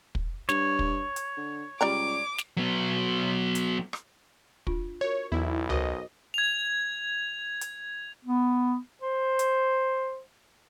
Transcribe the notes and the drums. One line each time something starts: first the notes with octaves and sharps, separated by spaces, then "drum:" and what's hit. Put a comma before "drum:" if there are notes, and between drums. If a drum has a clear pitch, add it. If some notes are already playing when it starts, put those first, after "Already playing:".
drum: kick
G2 C#5, drum: snare
drum: kick
drum: hi-hat
D3
C#2 G3 D5 A#5 D6
drum: snare
F#3 B3
drum: hi-hat
drum: rim click
D4 F4, drum: kick
F#4 A#4 C#5
B1 E2 E4
F#4 A#4 C5 D#5 D6, drum: tom C#2
G#6 F7
drum: hi-hat
B3
C5
drum: hi-hat